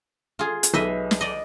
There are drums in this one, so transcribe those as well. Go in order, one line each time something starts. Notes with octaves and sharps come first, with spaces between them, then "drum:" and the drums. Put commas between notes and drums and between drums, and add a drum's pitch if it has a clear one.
F4 G#4
drum: hi-hat
B1 B4 D#5 E5
drum: snare
D5 D#5